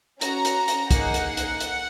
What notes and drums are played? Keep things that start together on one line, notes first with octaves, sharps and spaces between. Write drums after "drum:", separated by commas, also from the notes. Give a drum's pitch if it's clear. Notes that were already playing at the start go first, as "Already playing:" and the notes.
C#4 F#4 A#5, drum: hi-hat
drum: hi-hat
drum: hi-hat
A#3 D#4 G#4 F#5, drum: kick, hi-hat
drum: hi-hat
drum: hi-hat
drum: hi-hat